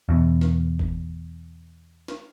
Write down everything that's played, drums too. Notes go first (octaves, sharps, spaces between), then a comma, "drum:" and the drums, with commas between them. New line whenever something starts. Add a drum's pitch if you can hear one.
E2 B2
drum: snare
drum: kick G1
drum: snare